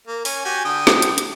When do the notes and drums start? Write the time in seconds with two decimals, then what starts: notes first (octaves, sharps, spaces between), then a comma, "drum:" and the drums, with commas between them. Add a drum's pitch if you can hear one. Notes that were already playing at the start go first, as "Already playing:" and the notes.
0.08 A#3
0.25 C#4 G#5, drum: open hi-hat
0.45 F#4 G4 G#5
0.65 D3 G5 D#6
0.87 drum: snare
1.02 drum: hi-hat
1.18 drum: hi-hat